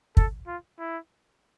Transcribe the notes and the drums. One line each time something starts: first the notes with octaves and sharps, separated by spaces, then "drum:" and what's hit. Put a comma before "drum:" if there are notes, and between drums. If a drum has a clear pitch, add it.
A4, drum: kick
F4
E4